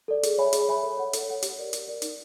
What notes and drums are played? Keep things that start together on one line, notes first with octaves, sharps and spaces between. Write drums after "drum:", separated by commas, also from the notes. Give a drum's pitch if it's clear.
A4 D5
G#4, drum: hi-hat
C#5 E5 G#5 B5
G#4, drum: hi-hat
C#5 E5 G#5 B5
A4
C#5 F#5
A4, drum: hi-hat
C#5 F#5
G4, drum: hi-hat
A#4 D5
G4, drum: hi-hat
A#4 D5
D#4, drum: hi-hat